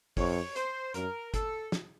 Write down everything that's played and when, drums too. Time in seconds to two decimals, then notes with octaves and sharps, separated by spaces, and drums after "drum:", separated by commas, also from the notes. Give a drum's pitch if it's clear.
0.17 F2 C#5, drum: kick G1, open hi-hat
0.56 C5, drum: hi-hat
0.94 F#2 A#4, drum: hi-hat
1.34 A4, drum: kick G1, hi-hat
1.72 drum: snare